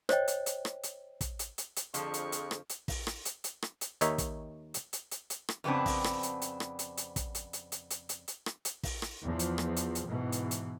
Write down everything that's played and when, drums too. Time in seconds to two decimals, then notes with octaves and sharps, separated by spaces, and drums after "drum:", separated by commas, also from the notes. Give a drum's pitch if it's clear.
0.09 C5 C#5 D#5 G5, drum: rim click
0.28 drum: hi-hat
0.46 drum: hi-hat
0.65 drum: rim click
0.83 drum: hi-hat
1.21 drum: kick, hi-hat
1.39 drum: hi-hat
1.58 drum: hi-hat
1.76 drum: hi-hat
1.94 F2 D3 F3 G#4 C#6, drum: hi-hat
2.14 drum: hi-hat
2.32 drum: hi-hat
2.51 drum: rim click
2.69 drum: hi-hat
2.88 drum: kick, open hi-hat
3.07 drum: rim click
3.25 drum: hi-hat
3.44 drum: hi-hat
3.62 drum: rim click
3.81 drum: hi-hat
4.01 D#2 D#3 D#4 C#5 E5, drum: hi-hat
4.18 drum: kick, hi-hat
4.74 drum: hi-hat
4.93 drum: hi-hat
5.11 drum: hi-hat
5.30 drum: hi-hat
5.49 drum: rim click
5.64 F2 C#3 B3 C4 D4
5.86 drum: kick, open hi-hat
6.04 drum: rim click
6.23 drum: hi-hat
6.42 drum: hi-hat
6.60 drum: rim click
6.79 drum: hi-hat
6.97 drum: hi-hat
7.16 drum: kick, hi-hat
7.35 drum: hi-hat
7.53 drum: hi-hat
7.72 drum: hi-hat
7.90 drum: hi-hat
8.09 drum: hi-hat
8.28 drum: hi-hat
8.46 drum: rim click
8.65 drum: hi-hat
8.83 drum: kick, open hi-hat
9.02 drum: rim click
9.24 E2 F3
9.39 drum: hi-hat
9.58 drum: rim click
9.76 drum: hi-hat
9.95 drum: hi-hat
10.08 G#2 B2 E3
10.32 drum: hi-hat
10.51 drum: hi-hat